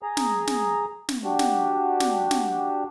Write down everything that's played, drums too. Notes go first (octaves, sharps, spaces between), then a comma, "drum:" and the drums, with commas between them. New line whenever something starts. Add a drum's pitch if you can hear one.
G#4 A#5
drum: snare
drum: snare
drum: snare
D4 F#4 G4
drum: snare
drum: snare
drum: snare